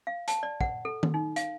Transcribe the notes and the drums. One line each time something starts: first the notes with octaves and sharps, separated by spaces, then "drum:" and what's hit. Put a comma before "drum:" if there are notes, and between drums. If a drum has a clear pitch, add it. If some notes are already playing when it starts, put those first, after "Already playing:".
F5
A5, drum: hi-hat
D5
F#5, drum: kick
A4
drum: tom D#3
D#4
F5, drum: hi-hat